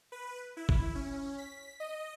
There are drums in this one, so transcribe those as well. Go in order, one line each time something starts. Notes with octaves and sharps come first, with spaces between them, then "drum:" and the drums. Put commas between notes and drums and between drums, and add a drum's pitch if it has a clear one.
B4
E4
drum: kick
C#4
B6
D#5